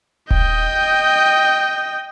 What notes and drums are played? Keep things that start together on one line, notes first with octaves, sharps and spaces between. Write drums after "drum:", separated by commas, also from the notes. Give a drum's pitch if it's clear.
D#5 G5, drum: kick D#1